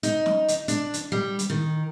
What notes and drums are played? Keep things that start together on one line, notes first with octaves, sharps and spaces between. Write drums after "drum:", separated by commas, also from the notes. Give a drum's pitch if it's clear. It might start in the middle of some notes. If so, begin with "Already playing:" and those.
D#4, drum: hi-hat
drum: snare
drum: hi-hat
D4, drum: hi-hat
drum: hi-hat
G3
drum: hi-hat
D#3